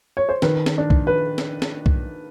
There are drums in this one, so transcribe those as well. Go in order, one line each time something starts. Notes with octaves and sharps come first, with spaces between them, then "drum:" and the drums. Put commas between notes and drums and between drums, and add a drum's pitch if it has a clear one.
C#5
C5
D#3 B4, drum: snare
drum: snare
D4
drum: kick B1
B4
drum: snare
drum: snare
drum: kick B1